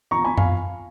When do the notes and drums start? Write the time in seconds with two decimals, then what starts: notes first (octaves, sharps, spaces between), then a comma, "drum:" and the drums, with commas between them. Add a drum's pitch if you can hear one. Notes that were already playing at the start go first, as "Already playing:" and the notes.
0.11 F3 B3 A#5 C#6
0.24 G#5 B5
0.38 F5 G#5, drum: tom F#2